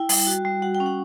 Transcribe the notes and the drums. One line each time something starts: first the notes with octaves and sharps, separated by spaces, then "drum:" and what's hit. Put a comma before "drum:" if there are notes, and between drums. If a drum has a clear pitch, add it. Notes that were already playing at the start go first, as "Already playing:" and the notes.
Already playing: E4 G5
G3, drum: open hi-hat
F#4
G3
F#4 F#5
G5
C#4
F#5